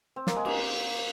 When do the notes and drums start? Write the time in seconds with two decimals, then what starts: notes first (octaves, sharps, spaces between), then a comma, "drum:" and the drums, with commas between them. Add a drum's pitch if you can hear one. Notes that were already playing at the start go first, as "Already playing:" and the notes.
0.16 C4
0.27 A#3, drum: snare
0.36 G#3
0.45 A#3, drum: cymbal